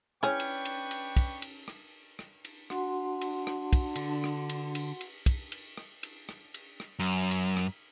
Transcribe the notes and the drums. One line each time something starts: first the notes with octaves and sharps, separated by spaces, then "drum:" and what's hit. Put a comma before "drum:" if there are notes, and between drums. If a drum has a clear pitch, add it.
C#4 D4 E4 G#4 B4 G5 C#6
drum: cymbal
drum: cymbal
drum: cymbal
drum: kick, cymbal
drum: cymbal
drum: rim click
drum: rim click
drum: cymbal
D4 F#4 F#5 C6, drum: rim click
drum: cymbal
drum: rim click
drum: kick, cymbal
D3, drum: cymbal
drum: rim click
drum: cymbal
drum: cymbal
drum: cymbal
drum: kick, cymbal
drum: cymbal
drum: rim click
drum: cymbal
drum: rim click
drum: cymbal
drum: rim click
F#2
drum: cymbal
drum: rim click